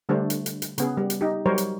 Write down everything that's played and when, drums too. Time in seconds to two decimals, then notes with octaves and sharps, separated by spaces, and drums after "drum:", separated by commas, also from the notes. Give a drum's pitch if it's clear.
0.09 D3 G3 A3 D4 C5
0.30 drum: hi-hat
0.46 drum: hi-hat
0.62 drum: hi-hat
0.78 C#3 B3 G#4, drum: hi-hat
0.97 G3
1.10 drum: hi-hat
1.21 D#4 G4
1.46 F#3 G3 A#4 C5 C#5
1.58 drum: hi-hat